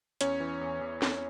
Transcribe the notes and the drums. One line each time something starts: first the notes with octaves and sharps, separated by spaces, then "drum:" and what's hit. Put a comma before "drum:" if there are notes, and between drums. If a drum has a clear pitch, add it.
E2 C#4 C#5, drum: hi-hat
E3
E2
E2
E2, drum: snare